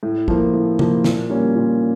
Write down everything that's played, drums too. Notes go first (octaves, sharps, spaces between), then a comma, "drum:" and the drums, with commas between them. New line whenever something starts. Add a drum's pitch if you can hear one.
A2
F3 A#3, drum: kick
A2
F3 A#3, drum: tom C3
A#2, drum: snare
G3 A#3 C#4
A#2